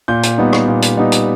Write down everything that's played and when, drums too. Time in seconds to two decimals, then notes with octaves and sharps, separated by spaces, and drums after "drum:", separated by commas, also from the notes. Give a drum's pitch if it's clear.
0.08 A#2 G6
0.23 drum: hi-hat
0.38 G3 B3 D#4
0.53 drum: rim click
0.68 A#2
0.82 drum: hi-hat
0.97 G3 B3 D#4
1.12 drum: hi-hat